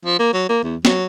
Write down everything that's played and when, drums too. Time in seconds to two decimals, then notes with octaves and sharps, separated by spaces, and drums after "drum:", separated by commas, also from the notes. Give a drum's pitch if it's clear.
0.05 F3
0.19 A#3
0.33 F#3
0.49 A#3
0.63 E2
0.85 F#3, drum: snare